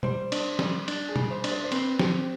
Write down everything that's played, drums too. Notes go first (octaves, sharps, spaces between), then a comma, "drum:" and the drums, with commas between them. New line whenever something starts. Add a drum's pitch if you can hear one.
G3 C5, drum: tom
D4, drum: cymbal
G3, drum: snare
D4, drum: cymbal
G#4
G3, drum: tom
C5
D4, drum: cymbal
C5
C5
C4 B4, drum: cymbal
C4 G4, drum: snare